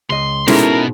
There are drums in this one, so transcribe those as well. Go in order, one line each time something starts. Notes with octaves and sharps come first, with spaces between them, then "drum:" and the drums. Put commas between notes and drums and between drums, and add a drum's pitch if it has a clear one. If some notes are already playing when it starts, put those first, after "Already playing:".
C#2 D#5 C6
G#2 B2 C#4 E4 A4 A#4, drum: snare